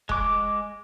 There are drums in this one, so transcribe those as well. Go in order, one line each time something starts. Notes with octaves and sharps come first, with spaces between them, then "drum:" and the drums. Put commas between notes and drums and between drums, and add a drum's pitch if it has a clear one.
G#3 D6, drum: kick F1